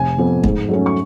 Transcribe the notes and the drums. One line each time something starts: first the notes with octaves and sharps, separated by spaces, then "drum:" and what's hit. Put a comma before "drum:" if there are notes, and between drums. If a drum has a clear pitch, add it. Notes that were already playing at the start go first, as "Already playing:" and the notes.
Already playing: F1 G#5
F2 F3 B3
G#2, drum: kick
F#3 A3 C#4
C#6